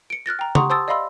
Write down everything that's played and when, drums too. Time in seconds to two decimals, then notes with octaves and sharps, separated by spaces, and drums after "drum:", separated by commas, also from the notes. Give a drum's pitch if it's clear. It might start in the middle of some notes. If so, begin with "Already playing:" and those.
0.10 C#7 D7
0.26 F6 F#6 A6 A#6
0.39 G5 A#5
0.55 G4 F#5 A#5 C6 C#6 D#6, drum: tom C#3
0.70 C5 A5 C6 D#6 E6 A6
0.88 D5 D#5 F5 B5 C6 E6